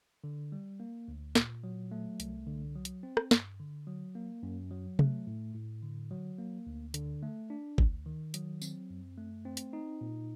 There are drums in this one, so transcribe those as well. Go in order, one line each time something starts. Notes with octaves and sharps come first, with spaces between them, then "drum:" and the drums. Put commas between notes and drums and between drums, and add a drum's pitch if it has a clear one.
D3
G3
A#3
D2
A#2, drum: snare
F#3
A3
C2, drum: hi-hat
D3
F#3
drum: hi-hat
C4
drum: rim click
G2, drum: snare
D3
F#3
A#3
F#2
F#3
A3, drum: tom C3
A2
A2
D3
F#3
A#3
D2
D3, drum: hi-hat
A3
D4
D2, drum: kick
D#3
F#3, drum: hi-hat
C4, drum: tambourine
F#2
A3
C4
drum: hi-hat
D#4
A#2